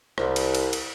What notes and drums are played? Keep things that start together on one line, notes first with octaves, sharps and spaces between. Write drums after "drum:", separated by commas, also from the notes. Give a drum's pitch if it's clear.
C2, drum: rim click
drum: cymbal
drum: cymbal
drum: cymbal